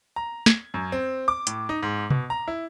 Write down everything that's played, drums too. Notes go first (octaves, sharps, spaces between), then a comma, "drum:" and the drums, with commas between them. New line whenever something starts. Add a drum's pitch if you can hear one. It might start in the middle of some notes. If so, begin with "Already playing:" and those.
A#5
G#6, drum: snare
F#2
C4
D6
A2, drum: hi-hat
D#4
G#2
B2, drum: tom C3
A#5
E4